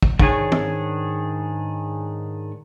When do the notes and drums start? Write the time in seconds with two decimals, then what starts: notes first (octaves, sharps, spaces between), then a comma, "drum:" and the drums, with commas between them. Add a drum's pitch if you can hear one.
0.02 drum: kick
0.19 G#2 D#3 D4 G#4 C#5, drum: kick
0.52 drum: tom